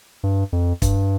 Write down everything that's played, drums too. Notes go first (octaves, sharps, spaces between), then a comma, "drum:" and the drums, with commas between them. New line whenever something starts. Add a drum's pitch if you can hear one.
G2
F2
G2, drum: kick, hi-hat